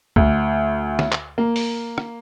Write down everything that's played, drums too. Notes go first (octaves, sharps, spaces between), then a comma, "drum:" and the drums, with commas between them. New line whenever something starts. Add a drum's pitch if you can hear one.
D2, drum: kick
drum: snare
drum: clap
A#3
drum: open hi-hat
drum: rim click